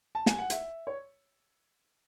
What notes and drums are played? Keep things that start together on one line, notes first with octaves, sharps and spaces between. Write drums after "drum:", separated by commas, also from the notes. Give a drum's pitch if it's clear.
A5
G#5, drum: snare
F#5
E5, drum: hi-hat
C#5